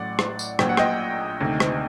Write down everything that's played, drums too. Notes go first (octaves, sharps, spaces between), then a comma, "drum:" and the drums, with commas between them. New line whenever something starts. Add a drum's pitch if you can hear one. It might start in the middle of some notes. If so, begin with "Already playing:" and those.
Already playing: A1 A2 F#3 D5 F#5
drum: rim click
drum: tambourine
A#1 A#2 F#3 G5, drum: rim click
F#5
D#5 G5, drum: rim click
D2 C3 D#3
drum: rim click